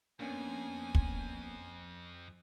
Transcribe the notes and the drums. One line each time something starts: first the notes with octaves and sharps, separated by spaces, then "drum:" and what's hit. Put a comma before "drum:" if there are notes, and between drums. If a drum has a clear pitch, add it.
F2 A#3 B3 C#4 D4 G#5
drum: kick